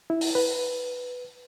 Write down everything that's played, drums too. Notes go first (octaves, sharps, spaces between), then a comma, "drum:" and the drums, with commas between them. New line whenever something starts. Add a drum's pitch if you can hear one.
E4
drum: open hi-hat
B4